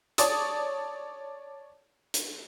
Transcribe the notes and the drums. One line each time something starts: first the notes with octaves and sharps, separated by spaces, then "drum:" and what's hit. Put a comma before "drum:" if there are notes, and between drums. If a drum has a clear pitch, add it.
C#5 D5 A5 D#6, drum: hi-hat
drum: hi-hat